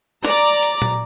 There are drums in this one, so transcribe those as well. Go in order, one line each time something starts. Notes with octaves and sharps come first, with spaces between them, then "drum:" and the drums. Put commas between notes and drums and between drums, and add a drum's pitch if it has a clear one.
D5 A#5, drum: snare
drum: hi-hat
drum: tom A#2